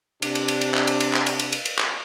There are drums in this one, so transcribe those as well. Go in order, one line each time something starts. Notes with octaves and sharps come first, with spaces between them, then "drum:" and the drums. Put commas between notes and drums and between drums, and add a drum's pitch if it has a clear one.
C3 D4, drum: cymbal
drum: cymbal
drum: cymbal
drum: cymbal
drum: clap
drum: cymbal
drum: cymbal
drum: clap
drum: cymbal
drum: cymbal
drum: cymbal
drum: cymbal
drum: clap